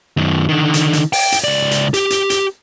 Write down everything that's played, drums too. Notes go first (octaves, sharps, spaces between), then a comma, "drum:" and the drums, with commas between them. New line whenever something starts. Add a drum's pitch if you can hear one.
F#2 D#3
D3 D#3
drum: hi-hat
drum: hi-hat
G5, drum: open hi-hat
drum: hi-hat
C#2 D5
drum: hi-hat
G4, drum: hi-hat
drum: hi-hat
drum: hi-hat